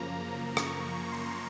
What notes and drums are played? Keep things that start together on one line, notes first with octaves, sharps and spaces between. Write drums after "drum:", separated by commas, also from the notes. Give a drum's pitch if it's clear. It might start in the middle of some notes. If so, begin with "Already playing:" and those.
Already playing: F#2 C#3 F3 A#3 A#5
C#6, drum: rim click
C6